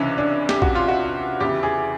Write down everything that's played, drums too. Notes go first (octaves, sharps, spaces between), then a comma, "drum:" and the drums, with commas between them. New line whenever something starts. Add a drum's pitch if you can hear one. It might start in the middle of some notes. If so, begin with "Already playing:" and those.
Already playing: C#2 C3 E3 C#4 D4
D4
G4, drum: snare
F#4, drum: kick
F4
F#4
E2 C#3 E3 G4
G#4